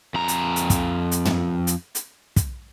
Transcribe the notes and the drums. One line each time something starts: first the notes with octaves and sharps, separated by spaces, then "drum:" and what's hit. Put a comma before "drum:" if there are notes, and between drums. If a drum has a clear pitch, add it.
F2 A#5
drum: hi-hat
drum: hi-hat
drum: kick, hi-hat
drum: hi-hat
drum: tom
drum: hi-hat
drum: hi-hat
drum: kick, hi-hat